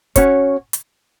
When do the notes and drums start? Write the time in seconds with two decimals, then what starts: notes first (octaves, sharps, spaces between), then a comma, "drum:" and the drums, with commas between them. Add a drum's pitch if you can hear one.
0.16 C#4 F#4 C#5, drum: kick, hi-hat
0.73 drum: hi-hat